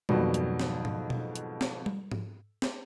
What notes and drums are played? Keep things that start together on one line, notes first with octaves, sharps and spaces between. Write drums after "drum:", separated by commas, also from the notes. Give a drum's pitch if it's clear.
F2 G#2 B2 D#3 F#3 G3, drum: tom G3
drum: hi-hat
drum: snare
drum: tom G#2
drum: tom B2
drum: hi-hat
drum: snare
drum: tom G3
drum: tom G#2
drum: snare